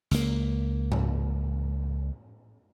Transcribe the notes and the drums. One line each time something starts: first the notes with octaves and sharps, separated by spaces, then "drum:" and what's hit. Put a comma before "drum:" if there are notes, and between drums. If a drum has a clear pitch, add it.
C#2 A#3, drum: hi-hat
drum: tom G#2